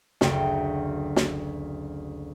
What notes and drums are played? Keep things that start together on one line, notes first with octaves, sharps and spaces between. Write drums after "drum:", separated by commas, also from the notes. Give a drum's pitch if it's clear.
F#1 D2 G5, drum: snare
drum: snare